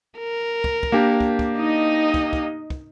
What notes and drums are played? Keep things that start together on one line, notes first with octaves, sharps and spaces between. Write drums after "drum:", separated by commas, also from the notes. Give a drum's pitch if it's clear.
A#4
drum: kick
drum: kick
A#3 D4 G4
drum: kick
drum: kick
D#4 D#5
drum: kick
drum: kick
drum: kick